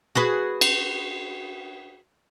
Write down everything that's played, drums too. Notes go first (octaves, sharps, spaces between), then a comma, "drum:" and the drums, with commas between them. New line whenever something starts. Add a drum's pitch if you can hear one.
F#4 G#4 B4
drum: cymbal